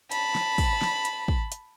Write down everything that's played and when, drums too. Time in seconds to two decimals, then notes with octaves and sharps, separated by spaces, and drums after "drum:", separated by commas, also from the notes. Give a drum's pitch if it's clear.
0.12 A5 B5, drum: hi-hat
0.35 drum: snare
0.58 drum: kick, open hi-hat
0.82 drum: snare
1.05 drum: hi-hat
1.28 drum: kick
1.52 drum: hi-hat